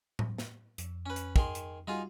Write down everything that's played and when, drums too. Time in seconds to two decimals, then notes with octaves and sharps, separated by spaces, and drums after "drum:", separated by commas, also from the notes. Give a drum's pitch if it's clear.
0.19 drum: tom A2
0.38 drum: snare
0.78 F2, drum: hi-hat
1.06 C#4 B4
1.16 drum: hi-hat
1.36 D#3 G#4 C6, drum: kick
1.55 drum: hi-hat
1.88 G3 D#4 F4 F#4 G#4